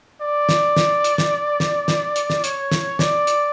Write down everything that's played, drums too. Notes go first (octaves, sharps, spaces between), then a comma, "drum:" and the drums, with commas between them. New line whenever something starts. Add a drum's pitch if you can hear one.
D5
drum: snare
drum: snare
drum: hi-hat
drum: snare
drum: snare
drum: snare
drum: hi-hat
drum: snare
C#5, drum: hi-hat
drum: snare
D5, drum: snare
drum: hi-hat